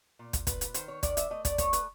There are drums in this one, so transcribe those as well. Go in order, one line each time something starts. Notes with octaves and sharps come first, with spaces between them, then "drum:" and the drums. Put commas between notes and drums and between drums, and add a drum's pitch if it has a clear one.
A#2
drum: kick, hi-hat
A#2 B4, drum: kick, hi-hat
drum: hi-hat
D#3 C5, drum: hi-hat
C#5
D#3 D5, drum: kick, hi-hat
E5, drum: hi-hat
A3 D#5
D5, drum: kick, hi-hat
A3 C#5, drum: kick, hi-hat
B4, drum: hi-hat